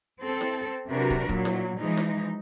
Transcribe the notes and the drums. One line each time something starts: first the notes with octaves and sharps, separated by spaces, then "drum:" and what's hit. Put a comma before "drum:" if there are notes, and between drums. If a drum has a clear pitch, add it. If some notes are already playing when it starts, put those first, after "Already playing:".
C4 A4
drum: snare E4
C3 F#3 D4 F#4 A#4 B4
drum: kick
A#2 F#3, drum: kick
drum: snare E4
E3 F3 G#3 D#4
drum: snare E4